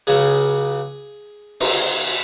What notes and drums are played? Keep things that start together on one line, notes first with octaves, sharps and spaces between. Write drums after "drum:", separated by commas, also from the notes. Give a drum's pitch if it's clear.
C#2 C#3 F#3 G#4
D#4, drum: cymbal